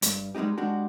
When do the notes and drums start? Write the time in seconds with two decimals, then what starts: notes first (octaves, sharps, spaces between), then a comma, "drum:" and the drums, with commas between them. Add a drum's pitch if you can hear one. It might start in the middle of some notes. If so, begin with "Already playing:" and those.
0.02 G2, drum: hi-hat
0.35 G3 G#3 B3 D#4 G4
0.58 G#3 D4 F#4 G4